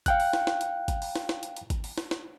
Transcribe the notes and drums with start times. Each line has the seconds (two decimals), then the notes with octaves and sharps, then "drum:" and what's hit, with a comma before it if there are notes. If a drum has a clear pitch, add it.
0.06 F5 G5 F#6, drum: kick G#1, hi-hat
0.20 drum: open hi-hat
0.33 drum: snare
0.47 drum: snare
0.61 drum: hi-hat
0.88 drum: kick G#1, hi-hat
1.02 drum: open hi-hat
1.15 drum: snare
1.29 drum: snare
1.43 drum: hi-hat
1.57 drum: hi-hat
1.70 drum: kick G#1, hi-hat
1.84 drum: open hi-hat
1.98 drum: snare
2.11 drum: snare